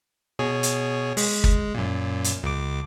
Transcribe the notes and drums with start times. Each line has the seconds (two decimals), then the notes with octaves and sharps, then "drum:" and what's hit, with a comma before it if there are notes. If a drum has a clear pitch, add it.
0.39 B2 G#4 C#5
0.63 drum: hi-hat
1.17 G#3, drum: open hi-hat
1.44 drum: kick
1.74 F#2 A#2
2.24 drum: hi-hat
2.43 C#2 D6